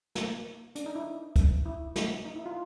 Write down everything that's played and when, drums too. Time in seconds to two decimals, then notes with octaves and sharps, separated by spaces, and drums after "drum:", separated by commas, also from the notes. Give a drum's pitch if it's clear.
0.15 A#3, drum: snare
0.75 D4, drum: hi-hat
0.86 D#4
0.95 E4
1.36 drum: kick, hi-hat
1.66 E4
1.96 drum: snare
2.25 D#4
2.36 E4
2.46 F4